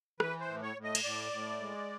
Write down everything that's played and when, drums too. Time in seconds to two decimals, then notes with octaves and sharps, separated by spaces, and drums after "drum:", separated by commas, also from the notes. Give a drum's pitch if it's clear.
0.20 E3 B4, drum: rim click
0.41 C5
0.49 A2
0.63 C#5
0.76 A2
0.83 D#5
0.95 drum: cymbal
1.04 A2 D5
1.32 A2
1.60 G#3